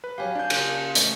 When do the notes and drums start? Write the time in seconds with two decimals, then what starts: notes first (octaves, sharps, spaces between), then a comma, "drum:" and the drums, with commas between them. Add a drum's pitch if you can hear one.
0.04 B4
0.18 F#3 C#4 G4 F5 G#5
0.35 D4 G6
0.50 C#3 A#3 F4, drum: cymbal
0.95 E3 A3 C#5, drum: hi-hat